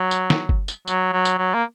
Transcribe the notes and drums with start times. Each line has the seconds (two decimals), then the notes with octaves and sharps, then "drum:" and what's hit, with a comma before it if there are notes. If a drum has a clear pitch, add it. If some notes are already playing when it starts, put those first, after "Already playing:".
Already playing: F#3
0.11 drum: tambourine
0.30 drum: snare
0.49 drum: kick F#1
0.68 drum: tambourine
0.87 F#3, drum: tambourine
1.12 F#3
1.25 drum: tambourine
1.38 F#3
1.54 A#3